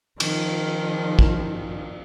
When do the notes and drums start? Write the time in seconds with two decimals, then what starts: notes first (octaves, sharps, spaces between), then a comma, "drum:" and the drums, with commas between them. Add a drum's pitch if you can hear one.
0.20 D#3 F3, drum: cymbal
1.19 drum: kick